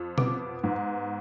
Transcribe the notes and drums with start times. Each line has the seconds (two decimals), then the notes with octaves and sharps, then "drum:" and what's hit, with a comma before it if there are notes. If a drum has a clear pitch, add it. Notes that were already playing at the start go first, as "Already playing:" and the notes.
Already playing: F2
0.18 B3 D6, drum: tom B2
0.64 G#2